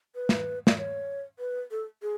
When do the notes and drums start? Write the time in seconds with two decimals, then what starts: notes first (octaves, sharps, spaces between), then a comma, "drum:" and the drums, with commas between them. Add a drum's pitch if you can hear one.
0.15 B4
0.29 drum: snare
0.67 D5, drum: snare
0.78 C#5
1.39 B4
1.71 A4
2.02 G#4